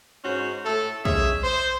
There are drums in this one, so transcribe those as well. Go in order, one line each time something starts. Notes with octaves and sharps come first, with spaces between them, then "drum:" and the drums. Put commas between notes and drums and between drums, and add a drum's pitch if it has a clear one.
G#2 C#4 F#4 C5
A2 A3 A4
G#3 C#4 G#4 E5, drum: kick
C5